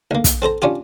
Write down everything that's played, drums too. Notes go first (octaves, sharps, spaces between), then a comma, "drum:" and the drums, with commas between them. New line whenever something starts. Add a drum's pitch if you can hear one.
D2 A#3
drum: kick, hi-hat
C4 A4 C5 A#5
C#4 D4 F4 G4